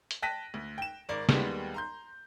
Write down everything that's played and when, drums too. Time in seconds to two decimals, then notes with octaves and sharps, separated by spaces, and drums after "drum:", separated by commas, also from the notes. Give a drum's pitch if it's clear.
0.11 drum: hi-hat
0.22 G5 A5 F#6 A#6 B6 D#7
0.54 D2
0.78 G5 E7
1.09 G#1 A#4 D5
1.29 D#2 D#3 G3 G#3 B3, drum: snare
1.74 A#5 C6 G6